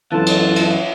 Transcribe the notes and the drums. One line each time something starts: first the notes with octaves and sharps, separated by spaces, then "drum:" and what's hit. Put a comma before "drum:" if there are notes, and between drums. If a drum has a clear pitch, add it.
F#2 E3 F4 A4 A5
drum: cymbal
drum: cymbal